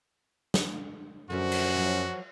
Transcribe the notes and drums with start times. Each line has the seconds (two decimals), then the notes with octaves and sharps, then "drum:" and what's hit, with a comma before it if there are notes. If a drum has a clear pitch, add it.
0.54 drum: snare
1.30 F#2 D3 F3 F#4 A#4
1.52 drum: cymbal
1.75 F3 F#3